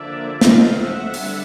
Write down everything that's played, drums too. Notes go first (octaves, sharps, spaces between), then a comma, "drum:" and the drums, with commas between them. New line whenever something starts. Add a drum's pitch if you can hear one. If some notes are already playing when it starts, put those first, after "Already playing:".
Already playing: D3 F3 A#3 D5 E5
drum: snare
F#3 A3 C4 D#5 F5
E5 F#5
D3 G3 B3, drum: open hi-hat